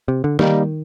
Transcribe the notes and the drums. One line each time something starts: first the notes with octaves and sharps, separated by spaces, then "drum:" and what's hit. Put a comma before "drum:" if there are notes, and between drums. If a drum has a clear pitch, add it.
C3
D3
D#3 G3 A#3 D#4, drum: snare